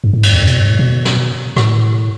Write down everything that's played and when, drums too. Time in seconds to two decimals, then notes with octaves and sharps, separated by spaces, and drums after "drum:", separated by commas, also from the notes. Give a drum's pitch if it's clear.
0.04 G2
0.13 A2
0.23 G2, drum: cymbal
0.32 E2
0.42 F2
0.47 C3, drum: hi-hat
0.51 B2
0.60 G2
0.70 A2
0.79 B2
1.05 drum: snare
1.56 A2, drum: rim click